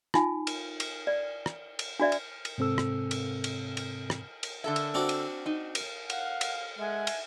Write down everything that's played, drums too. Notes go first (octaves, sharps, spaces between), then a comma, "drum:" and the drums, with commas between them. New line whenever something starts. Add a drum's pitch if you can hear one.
D#4 F4 G#5, drum: rim click
drum: cymbal
drum: cymbal
D5
drum: rim click
drum: cymbal
D4 F#4 D5 E5
drum: cymbal
drum: cymbal
G#2 C3 C4 A4 E6
drum: rim click
drum: cymbal
drum: cymbal
drum: cymbal
drum: rim click
drum: cymbal
D3 A4 E5
drum: cymbal
C4 D4 F#4
drum: cymbal
D#4
drum: cymbal
F5 F#5, drum: cymbal
drum: cymbal
G#3 A4 E5 F#5 G#5
drum: cymbal